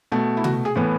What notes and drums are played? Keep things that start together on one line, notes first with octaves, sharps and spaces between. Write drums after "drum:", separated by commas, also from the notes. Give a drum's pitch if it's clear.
B2 A3
E4
F#4, drum: tom C3
G#4
A2 E3 B3